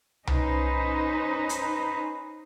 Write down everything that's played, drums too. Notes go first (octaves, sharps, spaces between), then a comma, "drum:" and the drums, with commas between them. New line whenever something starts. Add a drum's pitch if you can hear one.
C#4 D#4 B4 C5, drum: tom C2
drum: hi-hat